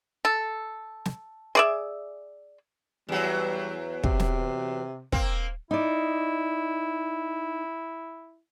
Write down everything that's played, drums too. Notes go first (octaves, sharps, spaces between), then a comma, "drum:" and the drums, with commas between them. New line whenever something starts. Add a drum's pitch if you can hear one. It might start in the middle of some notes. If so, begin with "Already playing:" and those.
A4
drum: snare
G#4 D5 E5
E2 F#3 G3
C3, drum: kick
drum: snare
A#3 C4, drum: kick
D#4 E4 D5